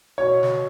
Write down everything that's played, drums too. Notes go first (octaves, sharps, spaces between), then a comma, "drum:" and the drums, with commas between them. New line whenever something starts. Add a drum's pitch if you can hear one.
B2 C#5
drum: snare